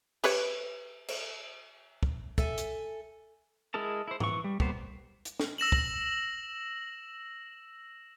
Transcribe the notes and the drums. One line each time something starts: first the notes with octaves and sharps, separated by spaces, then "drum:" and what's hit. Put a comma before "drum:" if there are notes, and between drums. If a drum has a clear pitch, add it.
G4 B4 C#5, drum: cymbal
drum: cymbal
drum: kick
A4 E5 G#5, drum: kick
drum: hi-hat
G#3 E4 G#4 A#4 A5
E4 C5
E3 C#6, drum: tom G#2
G3
G3 A#3 B3 C5, drum: kick
drum: hi-hat
drum: snare
E6 A#6 E7 F#7
drum: kick